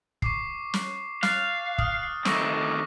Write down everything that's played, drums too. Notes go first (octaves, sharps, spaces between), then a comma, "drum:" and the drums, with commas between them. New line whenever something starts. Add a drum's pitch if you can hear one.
C#6 D6 C7, drum: kick
drum: snare
F5 F#6 A6, drum: snare
D#6 F6, drum: kick
D#3 A3 C4 C#6 D6 A#6, drum: snare